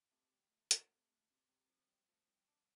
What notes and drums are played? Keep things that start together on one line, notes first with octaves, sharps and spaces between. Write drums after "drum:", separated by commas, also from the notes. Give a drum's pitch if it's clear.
C3 A3
D2 G3
D2 A3
D2 A3, drum: hi-hat
C3
D2
C3
C3 G3
F3
C2 G3
F3 A3
C2 C4
C2 D4